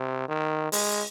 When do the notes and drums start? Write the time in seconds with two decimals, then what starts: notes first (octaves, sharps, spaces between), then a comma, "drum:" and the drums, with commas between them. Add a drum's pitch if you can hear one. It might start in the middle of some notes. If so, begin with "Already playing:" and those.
Already playing: C3
0.29 D#3
0.72 G#3, drum: open hi-hat